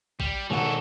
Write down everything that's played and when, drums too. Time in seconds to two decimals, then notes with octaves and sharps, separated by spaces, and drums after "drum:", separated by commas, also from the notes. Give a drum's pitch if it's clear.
0.20 G3, drum: kick A1
0.50 E1 D#3 F#3 A4 F#5